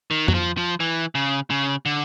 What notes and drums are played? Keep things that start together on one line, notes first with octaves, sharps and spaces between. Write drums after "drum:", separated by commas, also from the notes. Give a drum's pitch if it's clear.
D#3
F#3, drum: tom F2
F3
F3
E3
C#3
C#3
D3